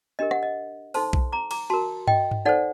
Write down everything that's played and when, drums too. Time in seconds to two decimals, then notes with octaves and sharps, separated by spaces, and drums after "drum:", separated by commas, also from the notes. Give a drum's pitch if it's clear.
0.19 D4 G4 A#4 D#5
0.31 F#5, drum: rim click
0.43 D#5
0.94 D#4 A4 C5 A5 C6, drum: open hi-hat
1.13 drum: kick B1
1.32 A#5 D6
1.51 A#5 D6, drum: cymbal
1.70 F#4 A#4 A5 C6
2.07 D#5 G5, drum: tom G2
2.31 drum: tom G2
2.45 D#4 A4 C5 D5 F#5